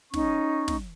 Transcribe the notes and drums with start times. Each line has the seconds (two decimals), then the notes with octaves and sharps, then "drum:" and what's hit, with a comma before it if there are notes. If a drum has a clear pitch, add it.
0.14 C#4 D#4 C#6, drum: snare
0.68 drum: snare